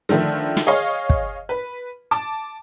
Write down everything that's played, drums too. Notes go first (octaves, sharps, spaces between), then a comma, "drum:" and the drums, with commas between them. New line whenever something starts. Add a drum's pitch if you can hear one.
D3 D#3 F3 A3, drum: hi-hat
drum: snare
G#4 C#5 D#5 F5 C#6
drum: kick
B4
A5 D6, drum: hi-hat